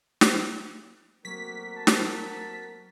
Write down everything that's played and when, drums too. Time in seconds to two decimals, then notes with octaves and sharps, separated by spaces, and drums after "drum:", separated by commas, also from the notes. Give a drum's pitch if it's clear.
0.21 drum: snare
1.25 F#3 A3 A#3 C4 F#4 A#4 B6
1.77 A5
1.87 drum: snare